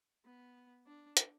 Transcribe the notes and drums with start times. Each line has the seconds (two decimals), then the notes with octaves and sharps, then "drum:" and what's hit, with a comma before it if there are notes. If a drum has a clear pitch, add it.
0.25 B3
0.87 D4
1.17 drum: hi-hat